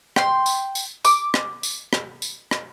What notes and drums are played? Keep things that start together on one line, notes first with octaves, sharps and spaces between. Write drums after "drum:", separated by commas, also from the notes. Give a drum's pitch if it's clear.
G5 C6, drum: rim click
drum: tambourine
drum: tambourine
D6, drum: tambourine
drum: rim click
drum: tambourine
drum: rim click
drum: tambourine
drum: rim click